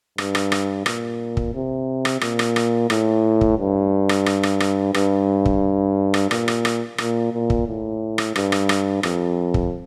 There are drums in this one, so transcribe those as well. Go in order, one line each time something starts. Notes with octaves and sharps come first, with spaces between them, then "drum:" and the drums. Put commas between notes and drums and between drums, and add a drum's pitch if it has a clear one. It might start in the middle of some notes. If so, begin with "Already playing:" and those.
G2, drum: rim click
drum: rim click
drum: rim click
A#2, drum: rim click
drum: kick
C3
drum: rim click
A#2, drum: rim click
drum: rim click
drum: rim click
A2, drum: rim click
drum: kick
G2
drum: rim click
drum: rim click
drum: rim click
drum: rim click
G2, drum: rim click
drum: kick
drum: rim click
A#2, drum: rim click
drum: rim click
drum: rim click
A#2, drum: rim click
A#2
drum: kick
A2
drum: rim click
G2, drum: rim click
drum: rim click
drum: rim click
F2, drum: rim click
drum: kick